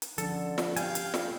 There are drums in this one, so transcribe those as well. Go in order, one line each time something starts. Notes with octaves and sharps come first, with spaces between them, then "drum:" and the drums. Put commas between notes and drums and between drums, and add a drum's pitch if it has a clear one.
drum: hi-hat
D3 F3 C#4 A4, drum: hi-hat
drum: snare
G4 F5 G5 G#5, drum: hi-hat
drum: hi-hat
drum: snare